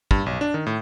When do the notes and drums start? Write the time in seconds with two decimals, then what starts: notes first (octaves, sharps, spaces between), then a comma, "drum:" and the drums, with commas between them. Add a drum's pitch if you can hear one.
0.11 G2, drum: kick
0.26 B1
0.41 D4
0.54 D#3
0.66 A2